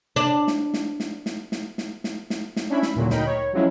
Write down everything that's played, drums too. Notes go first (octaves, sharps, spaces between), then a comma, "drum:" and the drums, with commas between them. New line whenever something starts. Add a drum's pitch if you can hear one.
D4
drum: snare
drum: snare
drum: snare
drum: snare
drum: snare
drum: snare
drum: snare
drum: snare
drum: snare
C#4 D4 E4 E5 B5
B5, drum: snare
D#2 A#2 D3 F#3
D2 D#4 A#4 G5 B5, drum: snare
C#5
F3 F#3 G#3 C#4 E4